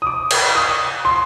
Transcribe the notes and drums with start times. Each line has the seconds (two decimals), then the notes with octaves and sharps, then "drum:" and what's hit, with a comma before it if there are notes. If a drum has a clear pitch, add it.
0.02 D#6
0.07 D6
0.31 drum: cymbal
0.56 D#6
1.05 C6